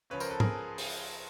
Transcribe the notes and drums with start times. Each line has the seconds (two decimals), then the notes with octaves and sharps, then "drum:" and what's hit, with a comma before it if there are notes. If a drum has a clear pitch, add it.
0.10 C#2 C#3 F3 B4 C#5
0.20 A#4 C5, drum: tambourine
0.30 A4 B4
0.40 G#4 A#4, drum: tom G#2
0.78 drum: open hi-hat